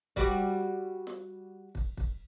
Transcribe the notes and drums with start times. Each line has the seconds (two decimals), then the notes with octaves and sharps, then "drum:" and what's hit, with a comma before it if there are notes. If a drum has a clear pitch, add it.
0.16 G3 F#4 D5, drum: kick
1.07 drum: snare
1.75 drum: kick
1.97 drum: kick